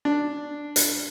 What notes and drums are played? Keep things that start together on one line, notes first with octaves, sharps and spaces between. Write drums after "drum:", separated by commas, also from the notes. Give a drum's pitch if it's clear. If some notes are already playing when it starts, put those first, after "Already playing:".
D4
drum: hi-hat